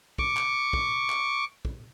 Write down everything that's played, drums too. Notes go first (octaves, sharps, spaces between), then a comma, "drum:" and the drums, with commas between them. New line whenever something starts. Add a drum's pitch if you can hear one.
C#6 D6, drum: kick
drum: clap
drum: kick
drum: clap
drum: kick